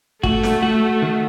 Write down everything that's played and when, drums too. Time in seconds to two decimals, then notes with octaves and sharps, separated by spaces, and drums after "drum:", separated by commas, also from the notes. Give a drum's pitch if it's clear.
0.23 A3 F#4, drum: kick
0.43 drum: snare
0.62 F#4
1.02 D#3